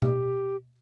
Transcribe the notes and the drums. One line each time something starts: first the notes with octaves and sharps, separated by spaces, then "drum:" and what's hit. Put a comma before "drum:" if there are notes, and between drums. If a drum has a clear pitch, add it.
G4, drum: tom B2